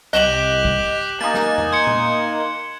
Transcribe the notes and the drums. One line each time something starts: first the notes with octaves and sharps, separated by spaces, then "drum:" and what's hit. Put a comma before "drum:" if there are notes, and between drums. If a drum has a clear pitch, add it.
C2 G4 D#5 F#6 E7 F#7, drum: hi-hat
drum: kick
A#3 D#4 G#5 A6
drum: snare
drum: tom E2
C6 G#6 C#7
drum: tom A#2